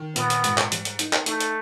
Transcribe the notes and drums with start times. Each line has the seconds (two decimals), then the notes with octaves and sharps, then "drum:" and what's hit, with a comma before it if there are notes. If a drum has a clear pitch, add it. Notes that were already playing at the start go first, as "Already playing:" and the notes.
Already playing: D#3
0.16 A#1 B3, drum: hi-hat
0.30 drum: hi-hat
0.44 G#2, drum: hi-hat
0.58 drum: clap
0.72 G3, drum: hi-hat
0.85 drum: hi-hat
0.99 D#4, drum: hi-hat
1.13 drum: clap
1.26 A3 D#4, drum: hi-hat
1.40 drum: hi-hat